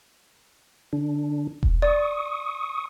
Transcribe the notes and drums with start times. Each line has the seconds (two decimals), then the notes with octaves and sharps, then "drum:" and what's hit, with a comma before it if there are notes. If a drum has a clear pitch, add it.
0.93 D3 D4
1.63 drum: kick E1
1.82 D5 C#6 D#6